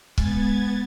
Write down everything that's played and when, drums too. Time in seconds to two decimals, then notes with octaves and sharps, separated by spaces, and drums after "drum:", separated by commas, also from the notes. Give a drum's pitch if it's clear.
0.18 G#3 B3 G#6 A6, drum: kick